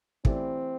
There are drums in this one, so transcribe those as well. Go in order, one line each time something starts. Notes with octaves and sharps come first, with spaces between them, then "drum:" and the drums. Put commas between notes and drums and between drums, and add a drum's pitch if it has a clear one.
E3 A3 C4 E4 G4 D5, drum: kick